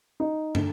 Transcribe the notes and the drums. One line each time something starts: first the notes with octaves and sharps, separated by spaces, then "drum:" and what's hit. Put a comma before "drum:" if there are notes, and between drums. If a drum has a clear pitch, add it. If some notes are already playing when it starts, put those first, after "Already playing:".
D#4
D3, drum: tom